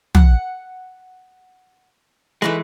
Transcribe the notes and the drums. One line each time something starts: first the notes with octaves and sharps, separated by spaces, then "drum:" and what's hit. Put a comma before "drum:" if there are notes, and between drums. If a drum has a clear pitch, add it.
F#5, drum: tom
E3 G#3 A3 D#4 B4